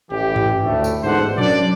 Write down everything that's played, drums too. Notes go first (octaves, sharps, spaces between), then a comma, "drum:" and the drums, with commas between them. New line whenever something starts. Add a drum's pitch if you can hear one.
A1 E3 G4
drum: tom G2
D2 A2 A3
drum: tambourine
A1 G#2 B2 D3 C5 F#5
F#2 D4 D5, drum: tom A#2